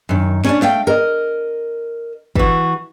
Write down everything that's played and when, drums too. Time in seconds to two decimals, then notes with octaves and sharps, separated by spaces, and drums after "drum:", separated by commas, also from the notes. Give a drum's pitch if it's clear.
0.09 F#2 D#3
0.45 C#4 D4, drum: snare
0.62 A3 F5 G5, drum: snare
0.87 A#4 D#5
2.36 E3 F#4, drum: kick